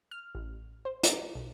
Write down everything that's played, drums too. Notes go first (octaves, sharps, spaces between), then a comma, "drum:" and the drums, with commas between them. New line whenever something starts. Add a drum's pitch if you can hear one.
F6
A1
C5
A#5, drum: hi-hat
B1